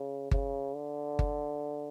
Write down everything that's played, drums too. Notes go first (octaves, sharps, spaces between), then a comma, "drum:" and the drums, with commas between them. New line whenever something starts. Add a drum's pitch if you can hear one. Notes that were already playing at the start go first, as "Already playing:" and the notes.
Already playing: C#3
C#3, drum: kick G1
D3
drum: kick G1